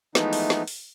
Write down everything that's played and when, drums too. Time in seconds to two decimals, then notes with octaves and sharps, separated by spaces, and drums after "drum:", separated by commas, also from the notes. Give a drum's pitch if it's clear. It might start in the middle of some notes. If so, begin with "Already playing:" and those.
0.15 E3 F3 G#3 A3 B3 D#4, drum: snare
0.33 drum: open hi-hat
0.50 drum: snare
0.68 drum: open hi-hat